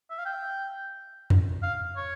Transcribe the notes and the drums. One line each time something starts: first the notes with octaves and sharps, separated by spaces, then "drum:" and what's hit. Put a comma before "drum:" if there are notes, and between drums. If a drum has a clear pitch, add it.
E5
F5
G5
drum: tom F2
F5
C#5